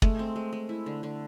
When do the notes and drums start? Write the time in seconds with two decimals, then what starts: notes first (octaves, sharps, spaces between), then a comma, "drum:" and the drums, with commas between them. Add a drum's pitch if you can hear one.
0.02 G#3 A3, drum: kick
0.19 C4
0.36 G#3
0.53 G#3
0.69 E4
0.86 D3
1.03 D3